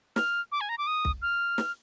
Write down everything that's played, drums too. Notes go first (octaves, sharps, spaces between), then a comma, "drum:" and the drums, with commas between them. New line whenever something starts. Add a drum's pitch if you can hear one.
F6, drum: snare
D6
G#5
A#5
D6
D#6
drum: kick
F6
drum: snare